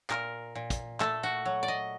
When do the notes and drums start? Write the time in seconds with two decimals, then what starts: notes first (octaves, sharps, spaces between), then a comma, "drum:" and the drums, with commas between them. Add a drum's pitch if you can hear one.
0.10 A#2 A#4, drum: clap
0.55 A#2
0.70 drum: kick, hi-hat
1.00 A3 A4, drum: clap
1.23 F#4
1.45 F#3
1.63 D5
1.68 D#5